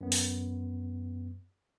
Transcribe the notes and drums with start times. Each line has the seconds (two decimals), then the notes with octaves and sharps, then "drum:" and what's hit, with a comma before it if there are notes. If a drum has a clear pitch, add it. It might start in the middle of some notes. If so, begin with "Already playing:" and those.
0.01 F#2 B3
0.12 drum: open hi-hat